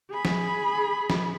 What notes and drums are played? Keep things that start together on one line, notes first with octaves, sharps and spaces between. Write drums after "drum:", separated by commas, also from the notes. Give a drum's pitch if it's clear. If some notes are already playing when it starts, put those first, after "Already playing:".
G#4 B5
drum: snare
drum: snare